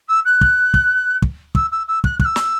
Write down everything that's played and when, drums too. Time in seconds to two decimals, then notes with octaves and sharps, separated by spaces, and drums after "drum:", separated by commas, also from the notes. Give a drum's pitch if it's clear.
0.08 E6
0.25 F#6
0.41 drum: kick
0.74 drum: kick
1.22 drum: kick
1.55 E6, drum: kick
1.71 E6
1.87 E6
2.04 F#6, drum: kick
2.20 F#6, drum: kick
2.24 E6
2.36 drum: snare